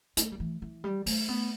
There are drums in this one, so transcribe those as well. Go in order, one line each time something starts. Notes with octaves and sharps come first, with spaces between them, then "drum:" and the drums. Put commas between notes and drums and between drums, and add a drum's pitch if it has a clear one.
A3, drum: hi-hat
G3
E3
E3
G3
A3, drum: open hi-hat
B3